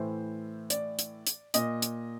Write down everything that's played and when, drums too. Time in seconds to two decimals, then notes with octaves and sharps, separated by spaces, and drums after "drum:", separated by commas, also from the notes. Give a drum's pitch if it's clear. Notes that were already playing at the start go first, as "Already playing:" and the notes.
Already playing: A2 E3 C5
0.70 D5, drum: hi-hat
0.99 drum: hi-hat
1.27 drum: hi-hat
1.54 A#2 D#5, drum: hi-hat
1.82 drum: hi-hat